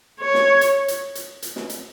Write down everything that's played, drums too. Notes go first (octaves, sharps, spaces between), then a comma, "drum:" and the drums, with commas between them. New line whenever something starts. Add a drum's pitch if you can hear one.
C#5
drum: snare
drum: hi-hat
drum: hi-hat
drum: hi-hat
drum: hi-hat
drum: snare
drum: hi-hat